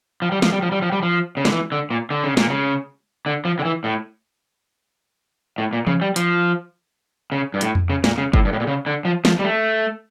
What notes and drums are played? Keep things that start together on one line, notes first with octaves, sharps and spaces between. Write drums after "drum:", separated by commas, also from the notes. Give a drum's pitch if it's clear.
F3
G3
F3, drum: snare
G3
F3
G3
F3
G3
F3
C#3
D3, drum: snare
E3
D3
A#2
D3
C#3
A#2, drum: snare
C#3
D3
F3
D3
E3
A2
A2
A#2
C#3, drum: tom E3
G3
F3, drum: hi-hat
C#3
G2
A2, drum: hi-hat
drum: tom F2
C#3
A#2, drum: snare
C#3
A2, drum: kick F#1
G2
A2
A#2
C#3
D3
F3
F3, drum: snare
G3
A3